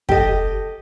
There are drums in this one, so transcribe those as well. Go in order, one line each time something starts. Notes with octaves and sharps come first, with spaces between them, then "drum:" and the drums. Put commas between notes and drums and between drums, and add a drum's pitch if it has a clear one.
G4 A4 D#5, drum: kick